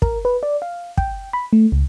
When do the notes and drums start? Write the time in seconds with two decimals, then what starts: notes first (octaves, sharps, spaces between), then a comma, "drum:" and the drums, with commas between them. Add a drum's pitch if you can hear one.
0.02 A#4, drum: kick
0.25 B4
0.43 D5
0.62 F5
0.97 G5, drum: kick
1.33 B5
1.53 A3
1.72 C#2